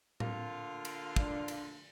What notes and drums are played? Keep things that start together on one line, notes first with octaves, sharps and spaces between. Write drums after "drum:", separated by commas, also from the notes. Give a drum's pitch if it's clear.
D3 A#3 F4, drum: tom A2
drum: cymbal
D4, drum: kick
drum: cymbal